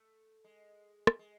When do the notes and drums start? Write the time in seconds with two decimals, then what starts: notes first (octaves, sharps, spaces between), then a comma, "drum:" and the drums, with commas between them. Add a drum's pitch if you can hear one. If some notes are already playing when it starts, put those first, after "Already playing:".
Already playing: A3
0.44 G#3
1.07 drum: rim click
1.19 G#3